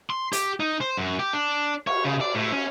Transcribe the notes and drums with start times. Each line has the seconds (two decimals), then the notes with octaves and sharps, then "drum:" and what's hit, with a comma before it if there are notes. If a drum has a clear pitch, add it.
0.10 C6
0.33 G4, drum: hi-hat
0.60 D#4
0.81 C5
0.97 F#2
1.19 G4
1.33 D4
1.87 C#5, drum: cymbal
2.05 C#3
2.21 D5
2.35 A2
2.52 C#4